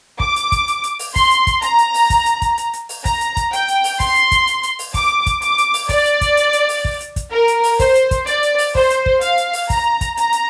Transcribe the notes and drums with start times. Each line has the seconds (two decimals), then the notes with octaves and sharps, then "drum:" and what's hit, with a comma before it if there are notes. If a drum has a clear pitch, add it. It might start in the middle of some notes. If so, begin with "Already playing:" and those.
0.20 D6, drum: kick
0.36 drum: hi-hat
0.52 drum: kick, hi-hat
0.68 drum: hi-hat
0.84 drum: hi-hat
0.99 drum: open hi-hat
1.16 C6, drum: kick, hi-hat
1.31 drum: hi-hat
1.47 drum: kick, hi-hat
1.62 A#5, drum: hi-hat
1.78 drum: hi-hat
1.94 drum: open hi-hat
2.10 drum: kick, hi-hat
2.26 drum: hi-hat
2.42 drum: kick, hi-hat
2.58 drum: hi-hat
2.73 drum: hi-hat
2.89 drum: open hi-hat
3.05 A#5, drum: kick, hi-hat
3.21 drum: hi-hat
3.37 drum: kick, hi-hat
3.53 G5, drum: hi-hat
3.68 drum: hi-hat
3.84 drum: open hi-hat
4.00 C6, drum: kick, hi-hat
4.16 drum: hi-hat
4.32 drum: kick, hi-hat
4.47 drum: hi-hat
4.63 drum: hi-hat
4.79 drum: open hi-hat
4.94 D6, drum: kick, hi-hat
5.26 drum: kick, hi-hat
5.42 D6, drum: hi-hat
5.58 drum: hi-hat
5.74 drum: open hi-hat
5.89 D5, drum: kick, hi-hat
6.06 drum: hi-hat
6.21 drum: kick, hi-hat
6.37 drum: hi-hat
6.53 drum: hi-hat
6.69 drum: open hi-hat
6.85 drum: kick
7.00 drum: hi-hat
7.16 drum: kick, hi-hat
7.32 A#4
7.48 drum: hi-hat
7.64 drum: open hi-hat
7.79 C5, drum: kick, hi-hat
7.95 drum: hi-hat
8.11 drum: kick, hi-hat
8.27 D5, drum: hi-hat
8.43 drum: hi-hat
8.59 drum: open hi-hat
8.75 C5, drum: kick
8.90 drum: hi-hat
9.06 drum: kick
9.21 F5, drum: hi-hat
9.38 drum: hi-hat
9.53 drum: open hi-hat
9.70 A#5, drum: kick, hi-hat
10.01 drum: kick, hi-hat
10.17 A#5, drum: hi-hat
10.33 drum: hi-hat